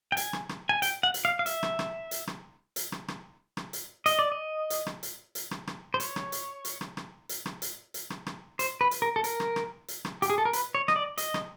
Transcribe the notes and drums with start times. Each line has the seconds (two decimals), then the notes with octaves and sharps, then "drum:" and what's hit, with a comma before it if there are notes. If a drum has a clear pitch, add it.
0.12 G5
0.17 G#5, drum: hi-hat
0.33 drum: rim click
0.49 drum: rim click
0.69 G#5
0.82 G5, drum: hi-hat
1.03 F#5
1.14 drum: hi-hat
1.25 F5
1.39 F5
1.46 E5, drum: hi-hat
1.63 drum: rim click
1.79 drum: rim click
2.11 drum: hi-hat
2.27 drum: rim click
2.76 drum: hi-hat
2.92 drum: rim click
3.08 drum: rim click
3.57 drum: rim click
3.73 drum: hi-hat
4.06 D#5, drum: hi-hat
4.19 D5
4.32 D#5
4.70 drum: hi-hat
4.86 drum: rim click
5.03 drum: hi-hat
5.35 drum: hi-hat
5.51 drum: rim click
5.67 drum: rim click
5.94 C5
6.00 C#5, drum: hi-hat
6.16 drum: rim click
6.32 drum: hi-hat
6.65 drum: hi-hat
6.81 drum: rim click
6.97 drum: rim click
7.29 drum: hi-hat
7.46 drum: rim click
7.62 drum: hi-hat
7.94 drum: hi-hat
8.10 drum: rim click
8.26 drum: rim click
8.59 C5, drum: hi-hat
8.81 B4
8.91 drum: hi-hat
9.02 A#4
9.16 A4
9.24 A#4, drum: hi-hat
9.40 drum: rim click
9.56 drum: rim click
9.88 drum: hi-hat
10.05 drum: rim click
10.22 G4, drum: hi-hat
10.30 G#4
10.38 A4
10.45 A#4
10.53 B4, drum: hi-hat
10.75 C#5
10.88 D#5, drum: rim click
10.96 D5
11.18 D#5, drum: hi-hat
11.34 drum: rim click